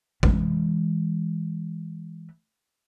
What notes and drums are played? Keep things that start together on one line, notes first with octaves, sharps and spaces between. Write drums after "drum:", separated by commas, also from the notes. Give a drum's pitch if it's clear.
E3 G#3, drum: kick A1